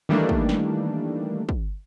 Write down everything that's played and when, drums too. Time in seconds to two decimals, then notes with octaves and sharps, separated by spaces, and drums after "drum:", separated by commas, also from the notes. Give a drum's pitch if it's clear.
0.09 D#3 E3 G3 A3 A#3 D4
0.29 drum: kick
0.49 drum: snare
1.49 drum: kick